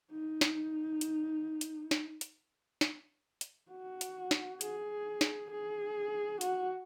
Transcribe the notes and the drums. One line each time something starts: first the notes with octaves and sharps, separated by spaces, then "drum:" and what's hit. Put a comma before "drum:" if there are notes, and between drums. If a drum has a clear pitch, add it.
D#4
drum: snare
drum: hi-hat
drum: hi-hat
drum: snare
drum: hi-hat
drum: snare
drum: hi-hat
F#4
drum: hi-hat
drum: snare
G#4, drum: hi-hat
drum: snare
G#4
F#4, drum: hi-hat